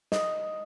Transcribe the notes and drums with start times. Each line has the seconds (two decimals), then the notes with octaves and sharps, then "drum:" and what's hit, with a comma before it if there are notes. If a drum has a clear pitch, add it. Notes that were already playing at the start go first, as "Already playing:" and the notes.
0.12 D#5, drum: snare